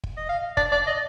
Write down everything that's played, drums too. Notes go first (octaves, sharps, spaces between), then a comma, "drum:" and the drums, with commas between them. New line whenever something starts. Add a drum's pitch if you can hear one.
drum: kick
D#5
F5
D5, drum: kick
D5
D#5